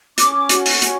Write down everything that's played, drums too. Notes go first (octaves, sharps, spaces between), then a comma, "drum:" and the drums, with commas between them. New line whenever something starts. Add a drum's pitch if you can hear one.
C#4 D6, drum: hi-hat
F#4, drum: hi-hat
drum: open hi-hat
C#4, drum: hi-hat